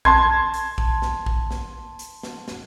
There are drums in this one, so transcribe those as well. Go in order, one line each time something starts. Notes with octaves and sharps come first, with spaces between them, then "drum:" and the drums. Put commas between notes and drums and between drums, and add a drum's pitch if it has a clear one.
A5 C6 G#6, drum: kick A#1
drum: hi-hat
drum: kick A#1
drum: snare
drum: kick A#1
drum: snare
drum: hi-hat
drum: snare
drum: snare